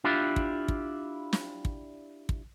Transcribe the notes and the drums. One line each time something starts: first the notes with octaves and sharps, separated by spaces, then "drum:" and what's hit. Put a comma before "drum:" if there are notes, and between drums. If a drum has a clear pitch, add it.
D4 E4 F4 G4
drum: kick
drum: kick
drum: snare
drum: kick
drum: kick